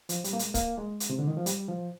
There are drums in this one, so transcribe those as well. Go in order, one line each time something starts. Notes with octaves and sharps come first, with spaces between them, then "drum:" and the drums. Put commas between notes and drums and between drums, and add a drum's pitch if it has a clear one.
F3, drum: hi-hat
G3, drum: hi-hat
A#3
G#3, drum: hi-hat
A#3, drum: kick C#1, hi-hat
G#3
drum: hi-hat
C3
D3
D#3
F3
G3, drum: hi-hat
F3